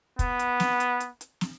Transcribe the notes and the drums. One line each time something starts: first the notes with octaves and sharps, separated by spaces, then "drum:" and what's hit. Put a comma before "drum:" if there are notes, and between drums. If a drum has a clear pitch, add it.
B3, drum: kick, hi-hat
drum: hi-hat
drum: snare
drum: hi-hat
drum: hi-hat
drum: hi-hat
drum: snare